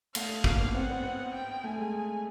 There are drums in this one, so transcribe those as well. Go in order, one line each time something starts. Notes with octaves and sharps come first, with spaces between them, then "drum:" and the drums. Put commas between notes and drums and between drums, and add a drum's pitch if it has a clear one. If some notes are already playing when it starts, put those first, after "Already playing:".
A3 F5, drum: cymbal
A#3, drum: kick
B3
C4 F#5
B3
B3
G5
A3 G#5
G#3